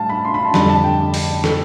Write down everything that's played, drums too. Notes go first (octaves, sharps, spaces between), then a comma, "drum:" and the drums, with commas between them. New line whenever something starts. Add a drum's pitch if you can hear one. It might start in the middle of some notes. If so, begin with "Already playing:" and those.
Already playing: A2 G3 F5 A5
B5
C6
B5
A5
F2 D3 G3 B5, drum: snare
A5
G5
drum: open hi-hat
A4, drum: snare